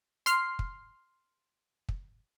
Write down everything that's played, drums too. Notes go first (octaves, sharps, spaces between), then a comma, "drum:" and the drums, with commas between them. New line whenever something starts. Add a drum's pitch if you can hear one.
C6 F6 C7, drum: hi-hat
drum: kick
drum: kick